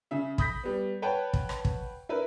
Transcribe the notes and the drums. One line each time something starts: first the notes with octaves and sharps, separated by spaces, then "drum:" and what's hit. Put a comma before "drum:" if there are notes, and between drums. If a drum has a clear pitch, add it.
C#3 E5
B5 D#6 G6 A#6 B6, drum: kick
G3 B3
B4 C#5 F#5 G5 A5
drum: kick
drum: rim click
drum: kick
E4 A#4 B4